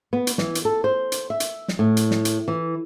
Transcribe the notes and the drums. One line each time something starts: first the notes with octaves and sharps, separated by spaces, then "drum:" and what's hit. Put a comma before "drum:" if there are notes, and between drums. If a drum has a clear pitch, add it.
B3
drum: hi-hat
E3, drum: snare
drum: hi-hat
A4
C5
drum: hi-hat
E5
drum: hi-hat
drum: snare
A2
drum: hi-hat
drum: snare
drum: hi-hat
E3